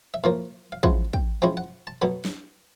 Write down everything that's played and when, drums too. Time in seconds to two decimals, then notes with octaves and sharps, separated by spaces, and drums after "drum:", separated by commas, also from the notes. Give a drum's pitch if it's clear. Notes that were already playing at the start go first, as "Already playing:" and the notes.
0.14 E5
0.24 A2 F3 A#3 F5
0.72 F5
0.83 F3 G#3 C#4 E4 F#5, drum: kick
1.13 G5, drum: kick
1.42 F3 G#3 C#4 E4 G5
1.57 F#5
1.87 A5
2.02 B2 F#3 A3 B5
2.25 drum: snare